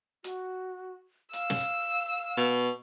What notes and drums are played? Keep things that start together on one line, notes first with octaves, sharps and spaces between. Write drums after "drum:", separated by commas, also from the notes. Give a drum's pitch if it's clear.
F#4, drum: hi-hat
F5 E6, drum: hi-hat
drum: snare
B2